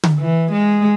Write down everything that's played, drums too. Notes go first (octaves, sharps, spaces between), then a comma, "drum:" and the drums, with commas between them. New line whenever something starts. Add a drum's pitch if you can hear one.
drum: tom D3
E3
G#3